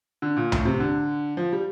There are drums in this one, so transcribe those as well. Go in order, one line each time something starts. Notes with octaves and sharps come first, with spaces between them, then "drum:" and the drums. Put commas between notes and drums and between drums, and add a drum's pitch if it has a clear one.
D3
A#2
A2, drum: tom C2
C3
D3
F3
G3